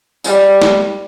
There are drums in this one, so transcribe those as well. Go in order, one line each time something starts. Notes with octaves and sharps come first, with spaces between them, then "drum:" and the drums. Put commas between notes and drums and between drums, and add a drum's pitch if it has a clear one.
G3, drum: tambourine
drum: snare